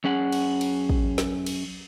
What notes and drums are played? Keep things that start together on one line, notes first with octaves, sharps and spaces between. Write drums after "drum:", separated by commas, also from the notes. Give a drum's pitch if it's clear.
F#2 C#4 G#4 F#5
drum: cymbal
drum: cymbal
drum: kick
drum: snare
drum: cymbal